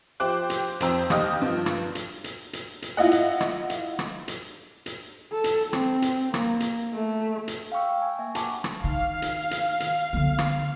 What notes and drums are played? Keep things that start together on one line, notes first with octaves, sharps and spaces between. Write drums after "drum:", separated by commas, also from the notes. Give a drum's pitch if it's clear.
F3 G4 C5 G5 D6 F#6
drum: hi-hat
F2 C5 G5 A#5 E6, drum: hi-hat
D#2 G4 D#5 D#6 F6, drum: rim click
G2 F3
drum: rim click
drum: hi-hat
drum: hi-hat
drum: hi-hat
drum: hi-hat
E4 F4 D#5 F#5
drum: hi-hat
drum: rim click
drum: hi-hat
drum: rim click
drum: hi-hat
drum: hi-hat
A4
drum: hi-hat
C4, drum: rim click
drum: hi-hat
A#3, drum: rim click
drum: hi-hat
A3
drum: hi-hat
F5 G5 C#6 E6
G5
G#5
A#3 E5 G#5
F#5 A5 B5 C#6 D6, drum: hi-hat
drum: rim click
D#3 F5
drum: hi-hat
drum: hi-hat
drum: hi-hat
D3 B3
drum: rim click